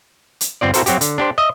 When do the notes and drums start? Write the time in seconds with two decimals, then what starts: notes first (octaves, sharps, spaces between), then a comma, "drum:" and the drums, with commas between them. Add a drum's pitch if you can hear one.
0.41 drum: hi-hat
0.61 G1 C4 F4 D5
0.74 C4 E4 F#4 A4 A#4 C5, drum: hi-hat
0.86 F#3 C4 F#4 G4, drum: hi-hat
1.01 D3, drum: hi-hat
1.18 D4 G4 C5
1.38 D#5 E5